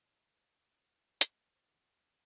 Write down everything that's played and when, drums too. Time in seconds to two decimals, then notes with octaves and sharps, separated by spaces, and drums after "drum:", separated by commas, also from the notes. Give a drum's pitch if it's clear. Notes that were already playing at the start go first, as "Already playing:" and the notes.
Already playing: D2 C#3 E3 A3
0.09 D#5
0.24 F5
0.41 F5
0.56 E5
0.73 F5
0.84 F5
0.98 E5
1.09 D#5
1.21 D#5, drum: hi-hat
1.53 C5
1.70 E2 C#3 F#3 F#5